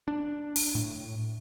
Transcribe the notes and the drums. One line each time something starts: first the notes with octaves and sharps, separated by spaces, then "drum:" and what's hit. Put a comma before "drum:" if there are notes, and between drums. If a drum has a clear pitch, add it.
D4
drum: open hi-hat
A2